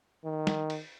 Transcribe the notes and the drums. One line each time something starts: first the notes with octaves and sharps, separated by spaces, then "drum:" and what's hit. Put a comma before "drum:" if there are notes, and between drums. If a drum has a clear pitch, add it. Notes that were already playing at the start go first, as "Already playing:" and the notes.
D#3
drum: snare
drum: cymbal